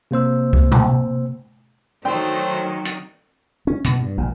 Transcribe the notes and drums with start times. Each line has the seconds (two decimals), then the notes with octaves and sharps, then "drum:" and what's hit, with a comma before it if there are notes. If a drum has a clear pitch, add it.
0.11 C3 A#3 C5 E6
0.53 drum: kick C#2
0.72 drum: tom A2
2.05 D#3 F#3 A3 C5 G5 C6
2.85 drum: hi-hat
3.67 C#4
3.84 B2 B3, drum: hi-hat
4.00 G2
4.18 A#1 A#2